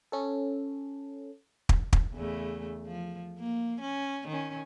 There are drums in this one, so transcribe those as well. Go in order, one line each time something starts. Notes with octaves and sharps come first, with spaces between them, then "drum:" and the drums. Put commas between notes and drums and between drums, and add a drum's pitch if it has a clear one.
C#4 A4
drum: kick
drum: kick
E2 C#3 A3
F3
A#3
C#4
D#3 C#4